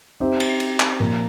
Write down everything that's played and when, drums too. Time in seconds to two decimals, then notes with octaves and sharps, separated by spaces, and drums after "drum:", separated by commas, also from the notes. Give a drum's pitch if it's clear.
0.20 C4 D#4 G4 C5 E5
0.40 drum: cymbal
0.60 drum: cymbal
0.80 drum: clap
1.00 A#2 F3 A#3